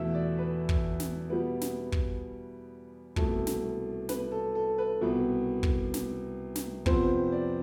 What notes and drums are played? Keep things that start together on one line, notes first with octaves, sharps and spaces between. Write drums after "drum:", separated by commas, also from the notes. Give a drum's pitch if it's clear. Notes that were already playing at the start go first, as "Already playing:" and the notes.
Already playing: E2 B2 A3 E5
D5
B4
drum: kick
drum: snare
B2 G3 B3
drum: snare
drum: kick
C2 B2 A3 A4, drum: kick
drum: snare
B4, drum: snare
A4
A4
B4
C2 B2 B3
drum: kick
drum: snare
drum: snare
F2 C3 F3 B3 C5, drum: kick
D5